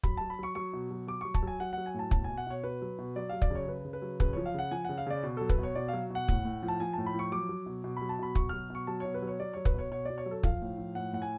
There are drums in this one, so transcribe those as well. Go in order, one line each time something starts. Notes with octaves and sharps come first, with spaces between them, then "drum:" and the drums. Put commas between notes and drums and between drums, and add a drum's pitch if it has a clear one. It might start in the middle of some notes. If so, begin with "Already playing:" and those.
F#3 B5, drum: kick
F#3 A5
B5
F#3 C#6
F#3 C#6
B2
F#3
F#3 D6
F#3 C#6
A5, drum: kick
F#3 G#5
F#3 F#5
F#3 F#5
G#5
A2 A5
B2 A5, drum: kick
G#5
B2
F#5
B2 C#5
B2 B4
F#3
B2
F#3 D5
F#3 F5
D5, drum: kick
C#3 C#5
C#3 B4
C#3
B4
F#3
C#3 B4, drum: kick
F3 C#5
F5
C#3 F#5
F3 G#5
C#3 F#5
F5
C#3 D5
B2
F#3 A4
B4, drum: kick
B2 C#5
B2 D5
F#3 F5
B2 F#5
A2, drum: kick
A2
F3
A5
F3 G#5
A2 A5
B5
F3 C#6
F#3 D6
F#3
B2
B2
B5
F#3
A5
B2 B5
B2 C#6, drum: kick
F#3 F6
B2 C#6
F#3 A5
B2 C#5
B4
F#3
C#5
F#3 D5
F#3 C#5
B4, drum: kick
B2 C#5
B2 C#5
B2 D5
C#5
F#3
A4
F3 F5, drum: kick
A2
F3
A2 F#5
A2 F#5
G#5